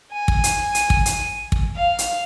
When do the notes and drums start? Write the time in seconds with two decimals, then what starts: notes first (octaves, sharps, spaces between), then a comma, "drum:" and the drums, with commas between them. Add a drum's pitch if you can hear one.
0.13 G#5
0.28 drum: kick
0.44 drum: hi-hat
0.75 drum: hi-hat
0.90 drum: kick
1.06 drum: hi-hat
1.52 drum: kick
1.75 F5
1.99 drum: hi-hat